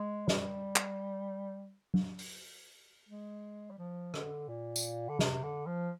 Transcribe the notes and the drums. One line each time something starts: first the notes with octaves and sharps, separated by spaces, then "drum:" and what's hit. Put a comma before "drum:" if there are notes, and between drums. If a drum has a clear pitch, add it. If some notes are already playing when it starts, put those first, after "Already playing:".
Already playing: G#3
G3, drum: snare
drum: clap
drum: tom F#3
drum: open hi-hat
G#3
G3
F3
D3, drum: rim click
A#2
drum: tambourine
D3
C3, drum: snare
D3
F3